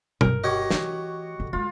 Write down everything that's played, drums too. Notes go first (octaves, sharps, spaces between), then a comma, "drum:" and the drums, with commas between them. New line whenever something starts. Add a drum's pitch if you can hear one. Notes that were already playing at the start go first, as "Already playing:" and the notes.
G1 D#4 A#4, drum: tom B2
F#4 G4 C#5 D#5
E3 A3, drum: snare
D3
D3 G#3 F4